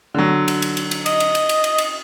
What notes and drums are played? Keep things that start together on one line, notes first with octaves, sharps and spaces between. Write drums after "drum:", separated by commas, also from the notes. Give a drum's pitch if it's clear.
D3 F#3
drum: cymbal
drum: cymbal
drum: cymbal
drum: cymbal
D#5, drum: cymbal
drum: cymbal
drum: cymbal
drum: cymbal
drum: cymbal
drum: cymbal